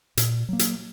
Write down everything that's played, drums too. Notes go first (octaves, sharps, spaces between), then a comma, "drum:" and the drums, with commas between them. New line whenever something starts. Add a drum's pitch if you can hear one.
A#2, drum: hi-hat
F#3 A#3
drum: hi-hat